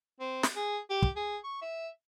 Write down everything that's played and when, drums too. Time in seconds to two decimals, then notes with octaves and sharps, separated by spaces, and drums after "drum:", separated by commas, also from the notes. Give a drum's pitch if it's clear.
0.20 C4
0.43 drum: snare
0.56 G#4
0.90 G4
1.02 drum: kick
1.16 G#4
1.44 C#6
1.62 E5